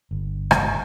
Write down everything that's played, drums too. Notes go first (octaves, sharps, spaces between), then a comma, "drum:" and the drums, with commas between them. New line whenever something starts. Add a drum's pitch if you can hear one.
G1
drum: rim click